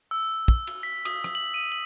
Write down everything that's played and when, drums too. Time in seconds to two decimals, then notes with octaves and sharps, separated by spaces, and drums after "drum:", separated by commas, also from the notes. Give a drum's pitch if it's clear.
0.11 E6
0.48 drum: kick
0.67 drum: cymbal
0.83 B6
1.05 D#6, drum: cymbal
1.24 drum: rim click
1.35 F#7
1.54 D#7
1.72 F#7